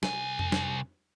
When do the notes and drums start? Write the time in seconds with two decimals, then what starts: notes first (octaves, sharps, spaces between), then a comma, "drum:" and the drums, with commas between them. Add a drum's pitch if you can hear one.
0.03 C2 G#5, drum: snare
0.39 drum: tom F2
0.52 drum: snare